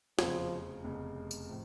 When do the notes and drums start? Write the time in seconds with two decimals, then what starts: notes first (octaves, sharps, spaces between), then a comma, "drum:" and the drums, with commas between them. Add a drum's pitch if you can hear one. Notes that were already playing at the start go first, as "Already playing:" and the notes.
0.19 F1 E2 C#3 F3, drum: snare
0.84 F1 E2 C#3
1.31 drum: tambourine
1.49 A2 F3